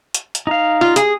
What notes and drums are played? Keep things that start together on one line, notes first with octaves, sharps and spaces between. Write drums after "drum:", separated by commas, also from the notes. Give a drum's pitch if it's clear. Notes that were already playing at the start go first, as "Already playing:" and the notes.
drum: hi-hat
drum: hi-hat
D#4 F5
F4
G#4, drum: hi-hat